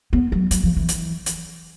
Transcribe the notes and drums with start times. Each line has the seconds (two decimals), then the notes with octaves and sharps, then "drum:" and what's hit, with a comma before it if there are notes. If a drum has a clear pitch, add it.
0.13 B3
0.32 F#3
0.51 F#3, drum: hi-hat
0.64 F3
0.77 E3
0.89 drum: hi-hat
1.26 drum: hi-hat